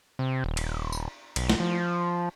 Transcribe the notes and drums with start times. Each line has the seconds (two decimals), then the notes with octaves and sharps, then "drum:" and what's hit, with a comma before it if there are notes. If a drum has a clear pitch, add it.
0.19 C3
0.44 D#1
0.57 drum: cymbal
0.92 drum: tambourine
1.36 B1, drum: cymbal
1.50 drum: snare
1.60 F3